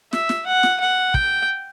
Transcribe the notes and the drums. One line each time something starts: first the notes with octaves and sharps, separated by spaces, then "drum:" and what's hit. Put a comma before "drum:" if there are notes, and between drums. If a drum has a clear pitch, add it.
E5, drum: snare
drum: snare
F#5
drum: snare
F#5
G5, drum: kick